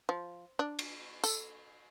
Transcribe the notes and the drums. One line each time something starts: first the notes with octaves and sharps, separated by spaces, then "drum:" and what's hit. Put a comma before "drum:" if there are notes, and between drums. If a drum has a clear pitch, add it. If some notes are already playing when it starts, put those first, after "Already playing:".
F3
D4
drum: cymbal
A4, drum: tambourine